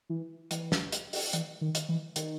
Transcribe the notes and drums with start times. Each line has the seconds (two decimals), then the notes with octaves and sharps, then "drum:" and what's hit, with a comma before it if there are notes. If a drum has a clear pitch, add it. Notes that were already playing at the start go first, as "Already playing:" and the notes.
0.09 E3
0.51 E3, drum: hi-hat
0.72 drum: snare
0.92 drum: hi-hat
1.13 drum: open hi-hat
1.33 E3, drum: hi-hat
1.61 D#3
1.75 drum: hi-hat
1.89 E3
2.16 D#3, drum: hi-hat